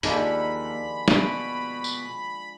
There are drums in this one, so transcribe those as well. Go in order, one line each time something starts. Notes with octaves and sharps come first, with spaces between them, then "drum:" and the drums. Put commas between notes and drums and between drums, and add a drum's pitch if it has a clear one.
D#2 D#3 F3 G#3 A#3 D4 G4 B5, drum: hi-hat
B2, drum: snare
drum: tambourine